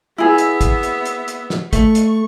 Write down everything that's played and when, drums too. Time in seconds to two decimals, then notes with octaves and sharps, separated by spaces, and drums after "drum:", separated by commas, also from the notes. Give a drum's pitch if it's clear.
0.18 B3 E4 G#4 E5
0.38 drum: hi-hat
0.61 drum: kick, hi-hat
0.83 drum: hi-hat
1.05 drum: hi-hat
1.28 drum: hi-hat
1.50 drum: snare
1.73 A3 C#6, drum: kick, hi-hat
1.95 drum: hi-hat